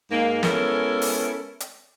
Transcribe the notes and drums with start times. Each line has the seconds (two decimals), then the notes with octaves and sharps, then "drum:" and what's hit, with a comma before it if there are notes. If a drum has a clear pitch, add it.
0.11 G#2 A#3
0.43 G#3 B3 C#4 E4 A4 A#4, drum: snare
1.02 drum: open hi-hat
1.60 drum: hi-hat